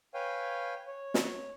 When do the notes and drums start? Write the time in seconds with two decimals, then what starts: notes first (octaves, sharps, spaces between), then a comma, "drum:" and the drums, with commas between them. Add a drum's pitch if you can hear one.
0.14 B4 C#5 F5 G5 G#5
0.87 C#5
1.14 drum: snare